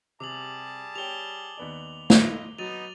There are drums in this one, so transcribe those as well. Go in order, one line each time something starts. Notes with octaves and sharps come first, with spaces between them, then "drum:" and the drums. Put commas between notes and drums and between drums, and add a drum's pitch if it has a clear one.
C3 G3 G#4 A5 D6 F7 F#7
G4 C#5 G5 F7 G7
D#2 B3 D5
E4 F4 D#5, drum: snare
F#3 B3 D#4 A6 D#7 F7